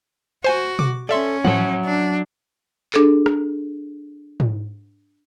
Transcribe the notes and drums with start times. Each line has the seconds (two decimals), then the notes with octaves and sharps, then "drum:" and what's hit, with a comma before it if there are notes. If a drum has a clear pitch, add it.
0.44 F#4 C5 G#5
0.79 D6, drum: tom B2
1.09 C#4 A4 D5 E5 C6
1.45 A2 F3 F#3 E5 F#5, drum: tom E3
1.85 D4
2.94 D4 G#4 A4, drum: clap
3.26 drum: rim click
4.40 drum: tom G#2